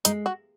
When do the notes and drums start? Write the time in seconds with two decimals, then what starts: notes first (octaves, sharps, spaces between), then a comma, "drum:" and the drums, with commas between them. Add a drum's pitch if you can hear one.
0.05 G#3 D#4, drum: hi-hat
0.26 F#4